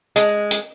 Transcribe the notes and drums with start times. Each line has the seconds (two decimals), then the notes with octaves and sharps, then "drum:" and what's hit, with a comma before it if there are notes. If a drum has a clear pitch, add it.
0.16 G#3, drum: hi-hat
0.51 drum: hi-hat